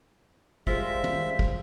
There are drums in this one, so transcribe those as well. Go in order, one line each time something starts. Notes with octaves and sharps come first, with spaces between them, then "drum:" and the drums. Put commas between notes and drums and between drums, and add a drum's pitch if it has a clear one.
G3 G#3 F4 A#4 C5 E5, drum: kick
drum: tom
drum: kick